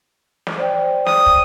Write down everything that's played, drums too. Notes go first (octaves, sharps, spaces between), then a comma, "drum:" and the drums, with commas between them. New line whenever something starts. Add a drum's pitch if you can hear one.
drum: snare
C5 D5 G5
D#6, drum: snare
drum: kick